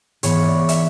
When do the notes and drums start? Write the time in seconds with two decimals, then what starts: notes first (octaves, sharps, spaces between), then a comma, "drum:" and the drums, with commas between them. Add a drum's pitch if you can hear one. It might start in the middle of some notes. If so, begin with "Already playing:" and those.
0.23 G#2 E3 B3 C#5, drum: hi-hat
0.46 D5
0.69 E5, drum: hi-hat